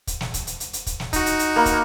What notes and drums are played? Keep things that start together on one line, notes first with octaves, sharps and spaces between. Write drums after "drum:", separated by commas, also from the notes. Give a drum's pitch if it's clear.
drum: kick, hi-hat
drum: snare
drum: kick, hi-hat
drum: hi-hat
drum: hi-hat
drum: hi-hat
drum: kick, hi-hat
drum: snare
D#4 F#4, drum: kick, hi-hat
drum: hi-hat
drum: hi-hat
A#3 B5
drum: kick, hi-hat